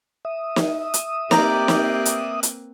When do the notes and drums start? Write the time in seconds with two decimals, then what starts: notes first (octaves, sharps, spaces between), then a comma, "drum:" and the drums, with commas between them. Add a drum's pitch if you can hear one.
0.25 E5 D#6
0.56 drum: snare
0.94 drum: hi-hat
1.31 A#3 C4 G4 B4 D5 A#5, drum: snare
1.68 drum: snare
2.05 drum: hi-hat
2.43 drum: hi-hat